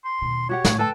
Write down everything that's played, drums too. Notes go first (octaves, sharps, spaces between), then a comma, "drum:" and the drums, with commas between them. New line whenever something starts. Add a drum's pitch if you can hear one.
C6
D#2 B2
F#4 G4 C#5 F#5
A2, drum: snare
A4 B4 G5 A5